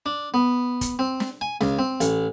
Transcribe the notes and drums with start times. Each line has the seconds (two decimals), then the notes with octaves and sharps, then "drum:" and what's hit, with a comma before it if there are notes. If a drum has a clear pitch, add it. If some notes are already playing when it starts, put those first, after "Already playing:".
0.06 D4
0.34 B3
0.81 drum: kick, hi-hat
0.99 C4
1.20 drum: snare
1.41 G#5
1.61 C#2, drum: snare
1.79 C4
2.01 A1, drum: hi-hat